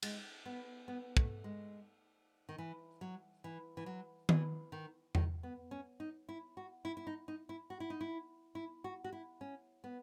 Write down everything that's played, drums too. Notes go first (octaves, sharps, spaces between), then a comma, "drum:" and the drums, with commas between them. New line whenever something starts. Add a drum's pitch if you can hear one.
G#3, drum: cymbal
B3
B3
A3, drum: kick
G#3
D#3
E3
F#3
E3
E3
F#3
E3, drum: tom D#3
D#3
D#3, drum: tom E2
B3
C#4
D#4
E4
F#4
E4
E4
D#4
D#4
E4
F#4
E4
D#4
E4
E4
F#4
F#4
E4
C#4
B3